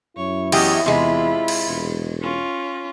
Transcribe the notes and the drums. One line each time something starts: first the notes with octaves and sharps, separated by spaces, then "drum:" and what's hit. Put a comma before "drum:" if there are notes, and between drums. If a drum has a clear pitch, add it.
F#2 E4 C#5
E2 G4 C#5 D#5, drum: cymbal
E2 C3 G#3 F4 B5
drum: cymbal
E1
C#4 F4